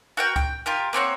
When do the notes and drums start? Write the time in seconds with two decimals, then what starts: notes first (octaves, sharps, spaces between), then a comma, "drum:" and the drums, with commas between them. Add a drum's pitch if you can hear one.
0.17 F#4 A#4 G5
0.36 G5, drum: kick C#2
0.66 F4 G4 A#4
0.93 A#3 C4 F#4 C#5